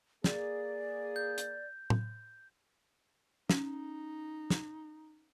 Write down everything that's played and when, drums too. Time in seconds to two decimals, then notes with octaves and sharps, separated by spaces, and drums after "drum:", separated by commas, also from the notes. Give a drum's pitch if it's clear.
0.24 A#3 G#4 D5, drum: snare
1.16 G6
1.38 drum: hi-hat
1.90 drum: tom
3.50 C#4 D#4, drum: snare
4.50 drum: snare